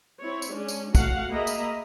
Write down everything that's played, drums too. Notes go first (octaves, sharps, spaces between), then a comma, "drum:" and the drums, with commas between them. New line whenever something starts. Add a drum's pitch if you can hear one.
C4 E4 C#5
drum: tambourine
G#3 C#4 D4
drum: tambourine
A3 F#4 F5 F#5, drum: kick, tambourine
A#3 G#4 D#5 E5 A#5 B5
drum: tambourine